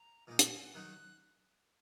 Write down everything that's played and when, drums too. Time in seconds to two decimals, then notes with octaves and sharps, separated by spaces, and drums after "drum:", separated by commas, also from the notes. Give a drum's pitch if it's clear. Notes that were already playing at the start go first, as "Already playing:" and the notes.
Already playing: A#5
0.27 A#2 G#3 D#4 D#5
0.39 F#5, drum: hi-hat
0.51 G#5
0.63 F#5
0.74 D#3 F#3 D#4 F#6